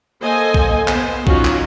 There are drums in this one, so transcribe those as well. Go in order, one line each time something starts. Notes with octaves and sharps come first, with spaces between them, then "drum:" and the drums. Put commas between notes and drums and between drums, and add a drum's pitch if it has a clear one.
A#3 A4 C5 D#5 G#5
drum: kick A#1
B3 C5, drum: clap
F#3 C#4 D#4 F4 F#4, drum: kick A#1
drum: clap